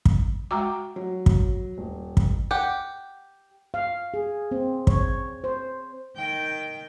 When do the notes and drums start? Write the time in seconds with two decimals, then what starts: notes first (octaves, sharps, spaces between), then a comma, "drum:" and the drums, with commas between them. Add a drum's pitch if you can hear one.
0.05 drum: kick
0.51 G#3 F#4 G5 A#5 D6 E6
0.96 F#3
1.26 drum: kick
1.78 D#1
2.17 drum: kick
2.51 G4 F#5
3.74 F5
4.14 G#4
4.51 C4
4.87 C#5, drum: kick
5.44 C5
6.17 D#3 G5